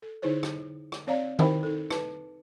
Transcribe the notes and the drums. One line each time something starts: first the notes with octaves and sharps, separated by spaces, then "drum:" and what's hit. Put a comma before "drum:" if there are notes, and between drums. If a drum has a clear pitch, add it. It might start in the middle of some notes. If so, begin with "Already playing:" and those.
A4
D3 D#4 E4 G#4 C5 C#5
drum: rim click
drum: rim click
C4 C#5 D5 F5 A#5
D#4 E4 A#4 C5 G5 B5, drum: tom D#3
D#4 A4
B4 A5, drum: rim click